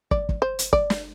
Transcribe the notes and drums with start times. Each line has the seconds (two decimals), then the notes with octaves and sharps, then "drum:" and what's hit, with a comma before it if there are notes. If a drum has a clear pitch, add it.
0.11 D5, drum: kick
0.29 drum: kick
0.42 C5
0.59 drum: hi-hat
0.73 D5, drum: kick
0.90 drum: snare